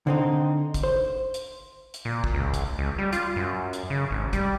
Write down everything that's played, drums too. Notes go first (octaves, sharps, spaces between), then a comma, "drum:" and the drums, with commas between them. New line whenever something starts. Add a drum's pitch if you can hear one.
D3 C4 D#4
drum: kick, hi-hat
C5
drum: hi-hat
drum: hi-hat
A#2
drum: kick
C#2
drum: kick, hi-hat
C#2
G3
F4, drum: hi-hat
F#2
drum: hi-hat
C#3
G#1
G3, drum: kick, hi-hat